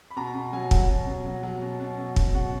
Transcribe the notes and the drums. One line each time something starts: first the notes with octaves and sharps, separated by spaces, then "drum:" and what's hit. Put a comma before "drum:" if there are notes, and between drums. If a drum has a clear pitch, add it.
B5
B2 A#5
B2
F#3 G#5
F#3, drum: kick
B2
B2
F#3
F#3
B2
B2
F#3
F#3, drum: kick
B2 F#5